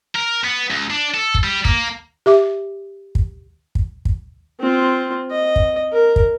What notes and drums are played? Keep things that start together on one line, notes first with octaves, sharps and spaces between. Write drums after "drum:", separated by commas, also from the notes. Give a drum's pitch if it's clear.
A#4
B3
C#2
D4
A4
drum: kick
G3
A#3, drum: kick
G4 E5 D6
drum: kick
drum: kick
drum: kick
C4 F4
D#5
drum: kick
A#4
drum: kick